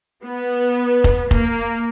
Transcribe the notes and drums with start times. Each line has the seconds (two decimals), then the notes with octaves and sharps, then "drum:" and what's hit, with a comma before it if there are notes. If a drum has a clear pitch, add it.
0.24 B3
1.04 drum: kick F1
1.31 A#3, drum: kick F1